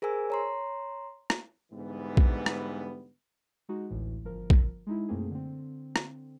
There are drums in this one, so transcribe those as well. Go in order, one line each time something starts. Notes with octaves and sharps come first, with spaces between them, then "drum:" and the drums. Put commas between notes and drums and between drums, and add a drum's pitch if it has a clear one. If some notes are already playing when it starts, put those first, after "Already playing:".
G#4 A#4 C5 G#5 E6
C#5 A#5 C6
drum: rim click
G#2 D3 E3 G3 B3
drum: kick
drum: rim click
G#3 D#4 F#4
A1 D2 A2 E3
G1 F3 A#4
drum: kick
G#3 D#4 E4
F#2 B2 A3 A#3 C4 G#4
D3 C4
drum: rim click